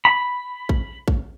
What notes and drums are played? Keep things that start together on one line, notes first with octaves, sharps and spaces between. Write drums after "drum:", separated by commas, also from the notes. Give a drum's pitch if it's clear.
B5
drum: kick
drum: kick